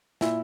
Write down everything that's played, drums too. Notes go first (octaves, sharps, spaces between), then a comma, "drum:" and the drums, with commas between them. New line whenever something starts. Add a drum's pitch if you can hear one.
A#2 E4, drum: snare